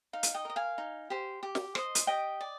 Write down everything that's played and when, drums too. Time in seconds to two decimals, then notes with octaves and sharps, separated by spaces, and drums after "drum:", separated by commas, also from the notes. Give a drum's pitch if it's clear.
0.13 D#4 F5
0.23 drum: hi-hat
0.34 D#5 G5
0.45 A#4 D#5
0.56 F5 G#5
0.78 D#4
1.10 G4 C5
1.43 G4
1.55 drum: snare
1.75 C5 D#5, drum: rim click
1.95 drum: hi-hat
2.07 G4 D#5 G5
2.40 D5